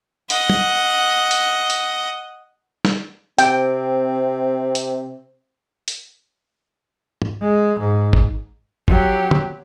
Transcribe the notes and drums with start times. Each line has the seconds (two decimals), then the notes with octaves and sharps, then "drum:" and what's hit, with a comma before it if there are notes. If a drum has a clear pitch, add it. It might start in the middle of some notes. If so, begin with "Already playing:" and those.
0.30 D#5 F#5, drum: hi-hat
0.50 drum: tom
1.31 drum: hi-hat
1.70 drum: hi-hat
2.85 drum: snare
3.38 C3 C4 G5, drum: hi-hat
4.75 drum: hi-hat
5.88 drum: hi-hat
7.22 drum: tom G#2
7.42 G#3
7.79 G#2
8.13 drum: kick G1
8.88 F#3 G4, drum: kick G1
9.31 drum: tom